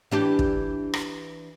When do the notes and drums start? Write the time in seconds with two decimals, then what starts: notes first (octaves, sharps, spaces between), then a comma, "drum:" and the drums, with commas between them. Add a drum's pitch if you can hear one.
0.11 E3 D4 G4
0.39 drum: kick
0.94 drum: rim click